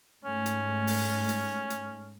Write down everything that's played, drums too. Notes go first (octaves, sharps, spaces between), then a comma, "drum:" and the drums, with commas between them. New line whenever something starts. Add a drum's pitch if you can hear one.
G#2 A3 C#4
drum: hi-hat
drum: open hi-hat
drum: hi-hat
drum: hi-hat